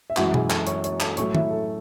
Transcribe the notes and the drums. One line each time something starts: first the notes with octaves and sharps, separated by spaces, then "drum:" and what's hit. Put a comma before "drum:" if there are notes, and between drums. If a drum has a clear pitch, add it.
E5
F#2 E3 G#3 F#4 F#5, drum: clap
G#4 G#5, drum: tom B2
A4 A5, drum: clap
C#5 C#6, drum: hi-hat
C#5 C#6, drum: hi-hat
A4 A5, drum: clap
A2 F#3 A3 C#5 C#6, drum: hi-hat
E4 E5, drum: tom
A4